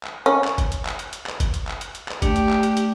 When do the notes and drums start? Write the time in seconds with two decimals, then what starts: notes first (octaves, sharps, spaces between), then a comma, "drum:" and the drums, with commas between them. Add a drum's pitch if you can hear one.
0.03 drum: clap
0.26 C#4
0.44 drum: clap
0.58 drum: kick G1, hi-hat
0.72 drum: hi-hat
0.85 drum: clap
0.99 drum: hi-hat
1.13 drum: hi-hat
1.26 drum: clap
1.40 drum: kick G1, hi-hat
1.54 drum: hi-hat
1.67 drum: clap
1.81 drum: hi-hat
1.95 drum: hi-hat
2.08 drum: clap
2.22 A3 D4 G4 D5, drum: kick G1, hi-hat
2.36 drum: hi-hat
2.49 drum: clap
2.63 drum: hi-hat
2.77 drum: hi-hat